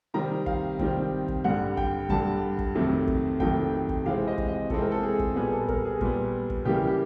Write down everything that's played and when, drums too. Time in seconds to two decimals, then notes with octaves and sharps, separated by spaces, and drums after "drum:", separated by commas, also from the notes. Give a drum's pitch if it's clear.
0.14 C3 D#3 G3 C4 A#5
0.46 F5, drum: kick
0.79 C3 D#3 G3 C4, drum: kick
1.28 drum: kick
1.44 G2 D3 G3 F#5
1.77 G5, drum: kick
2.09 G2 D3 G3 A5, drum: kick
2.59 drum: kick
2.75 F2 C3 D#3 F#3 A3
3.07 drum: kick
3.40 F2 C3 D#3 F#3 A3 G5, drum: kick
3.89 drum: kick
4.05 C3 E3 G#3 C4 F5
4.28 D#5
4.38 drum: kick
4.48 D#5
4.70 C3 E3 G#3 C4 A4, drum: kick
4.81 A#4
4.92 A4
5.03 G#4
5.19 drum: kick
5.36 A#2 G3 B3 G#4
5.52 A4
5.68 A#4, drum: kick
5.85 G#4
6.01 A#2 G3 B3, drum: kick
6.50 drum: kick
6.65 C#3 E3 G3 A#3 G4
6.87 G4